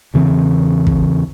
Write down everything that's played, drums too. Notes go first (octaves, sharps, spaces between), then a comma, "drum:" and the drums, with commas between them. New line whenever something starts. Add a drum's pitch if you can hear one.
E2 C#3 E3 C4
drum: kick